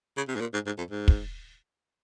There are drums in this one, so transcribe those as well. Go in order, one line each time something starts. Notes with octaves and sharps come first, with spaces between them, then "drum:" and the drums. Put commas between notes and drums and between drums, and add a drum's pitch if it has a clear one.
C#3
C3
G#2
A#2
G#2
G#2
F2
G#2
drum: kick